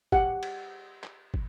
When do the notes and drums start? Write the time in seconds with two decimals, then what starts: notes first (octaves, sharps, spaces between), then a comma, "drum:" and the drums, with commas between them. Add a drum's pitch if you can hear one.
0.12 G4 F#5, drum: kick
0.43 drum: cymbal
1.03 drum: clap
1.34 drum: kick